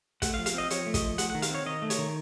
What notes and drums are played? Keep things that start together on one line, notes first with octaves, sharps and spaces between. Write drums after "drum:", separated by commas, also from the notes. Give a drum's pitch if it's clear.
A3 F#5, drum: kick, hi-hat
F5
F3
F5, drum: hi-hat
C4 D#5
F3 C#5, drum: hi-hat
A3
D#5, drum: kick, hi-hat
F3
A3 F#5, drum: hi-hat
F#5
D#3
F5, drum: hi-hat
C4 C#5
D#3 D#5
A3
C#5, drum: hi-hat
D#3